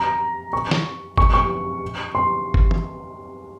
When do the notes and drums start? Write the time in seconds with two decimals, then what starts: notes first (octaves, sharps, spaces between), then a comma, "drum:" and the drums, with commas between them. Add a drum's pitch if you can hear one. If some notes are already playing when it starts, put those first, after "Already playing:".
Already playing: A#5
0.53 C#6
0.71 drum: snare
1.18 C#6, drum: kick G1
1.34 C#6
2.15 C6
2.54 drum: kick G1
2.71 drum: tom